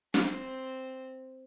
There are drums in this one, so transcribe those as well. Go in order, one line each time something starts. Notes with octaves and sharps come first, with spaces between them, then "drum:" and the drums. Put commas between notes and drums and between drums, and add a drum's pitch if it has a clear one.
C4, drum: snare